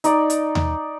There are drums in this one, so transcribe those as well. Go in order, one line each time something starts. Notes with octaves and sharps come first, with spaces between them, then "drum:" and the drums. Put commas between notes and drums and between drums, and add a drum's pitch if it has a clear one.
D#4 D5, drum: hi-hat
drum: hi-hat
drum: tom D#2